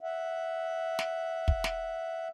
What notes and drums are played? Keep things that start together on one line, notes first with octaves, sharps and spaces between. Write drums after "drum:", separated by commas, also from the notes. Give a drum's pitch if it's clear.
E5 F#5
drum: snare
drum: kick
drum: snare